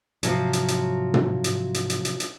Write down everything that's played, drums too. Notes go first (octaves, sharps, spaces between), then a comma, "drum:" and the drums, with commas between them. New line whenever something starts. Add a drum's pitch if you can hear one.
G#2 C3 F3 F#3, drum: hi-hat
drum: hi-hat
drum: hi-hat
drum: tom
drum: hi-hat
drum: hi-hat
drum: hi-hat
drum: hi-hat
drum: hi-hat